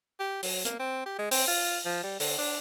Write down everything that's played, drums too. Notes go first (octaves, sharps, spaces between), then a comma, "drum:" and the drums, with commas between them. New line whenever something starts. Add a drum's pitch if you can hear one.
G4
F#3, drum: open hi-hat
A#3, drum: hi-hat
C4
G4
G#3
C4, drum: open hi-hat
F4
F3
G3
D3, drum: open hi-hat
D4